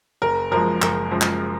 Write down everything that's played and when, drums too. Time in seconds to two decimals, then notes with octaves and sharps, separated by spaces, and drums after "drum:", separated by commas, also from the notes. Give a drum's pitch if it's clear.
0.22 F#1 A#4
0.51 F#2 F3 G#3 A#4
0.82 F#1 A#4, drum: clap
1.11 F#2 F3 G#3
1.21 drum: clap